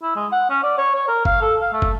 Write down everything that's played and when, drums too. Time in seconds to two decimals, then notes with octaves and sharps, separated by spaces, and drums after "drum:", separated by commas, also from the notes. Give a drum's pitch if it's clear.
0.02 E4
0.16 G#3
0.32 F#5
0.50 C#4
0.63 D5
0.78 C#5
0.95 C#5
1.08 A#4
1.25 F5, drum: kick
1.41 A4
1.61 F5
1.73 A3
1.82 drum: kick